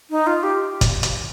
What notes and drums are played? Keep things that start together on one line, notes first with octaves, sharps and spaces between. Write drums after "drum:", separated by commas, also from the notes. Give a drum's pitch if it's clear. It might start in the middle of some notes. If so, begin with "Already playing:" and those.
D#4
F4
G4
drum: kick, hi-hat
drum: hi-hat